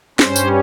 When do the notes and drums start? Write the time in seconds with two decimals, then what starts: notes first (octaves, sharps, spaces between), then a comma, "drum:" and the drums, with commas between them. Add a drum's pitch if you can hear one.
0.19 G2 G3 C#4 C5, drum: snare
0.36 drum: tambourine